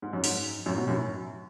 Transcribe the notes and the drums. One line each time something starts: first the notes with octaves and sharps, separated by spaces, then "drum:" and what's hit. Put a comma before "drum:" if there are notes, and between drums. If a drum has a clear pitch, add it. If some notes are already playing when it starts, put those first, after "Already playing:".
G#2
F#2
G#2, drum: open hi-hat
F#2 A2
G#2 B2
F#2 A2